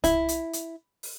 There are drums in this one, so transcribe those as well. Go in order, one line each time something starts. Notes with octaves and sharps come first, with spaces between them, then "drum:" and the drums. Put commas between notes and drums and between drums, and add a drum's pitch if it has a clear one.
E4, drum: kick C2, hi-hat
drum: hi-hat
drum: hi-hat
drum: open hi-hat